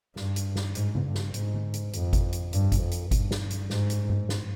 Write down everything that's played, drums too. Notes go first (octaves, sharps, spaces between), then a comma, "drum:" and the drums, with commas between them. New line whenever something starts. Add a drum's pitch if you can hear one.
G2, drum: snare
drum: hi-hat
drum: snare
G#2, drum: hi-hat
drum: tom C#3
G2
drum: snare
G#2, drum: hi-hat
drum: tom D3
drum: hi-hat
F2, drum: hi-hat
drum: kick G1, hi-hat
drum: hi-hat
G2, drum: hi-hat
drum: kick G1, hi-hat
F2
drum: hi-hat
G2, drum: kick G1, hi-hat
drum: snare
drum: hi-hat
G#2, drum: snare
drum: hi-hat
drum: tom G2
drum: snare